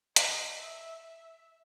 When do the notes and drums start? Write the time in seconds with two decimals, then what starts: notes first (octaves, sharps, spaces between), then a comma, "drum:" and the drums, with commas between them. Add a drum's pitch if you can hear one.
0.16 D#5, drum: hi-hat
0.59 E5
1.03 E5